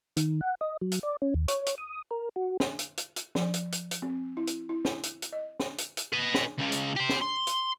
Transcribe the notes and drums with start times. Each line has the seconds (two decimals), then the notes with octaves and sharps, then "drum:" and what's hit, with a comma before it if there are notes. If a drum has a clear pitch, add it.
0.17 D#3, drum: hi-hat
0.41 F#5
0.61 D#5
0.81 F#3
0.91 drum: hi-hat
1.03 D5
1.22 C#4
1.34 D#2
1.48 C#5, drum: hi-hat
1.66 drum: hi-hat
1.78 D#6
2.11 A#4
2.36 F#4
2.60 drum: snare
2.79 drum: hi-hat
2.97 drum: hi-hat
3.16 drum: hi-hat
3.35 F3, drum: snare
3.54 drum: hi-hat
3.72 drum: hi-hat
3.91 drum: hi-hat
4.02 C4
4.37 E4
4.47 drum: hi-hat
4.69 E4
4.85 drum: snare
5.03 drum: hi-hat
5.22 drum: hi-hat
5.33 D#5
5.60 drum: snare
5.78 drum: hi-hat
5.97 drum: hi-hat
6.13 B4 D#5
6.34 drum: snare
6.59 C#2 C#3
6.72 drum: hi-hat
6.96 G4 C5
7.09 drum: snare
7.21 C6
7.47 drum: hi-hat